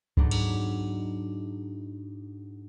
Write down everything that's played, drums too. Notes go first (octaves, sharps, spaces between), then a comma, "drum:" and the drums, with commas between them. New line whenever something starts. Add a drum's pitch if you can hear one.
G#2 F#3 B3 D4 D#4, drum: kick C#2
drum: cymbal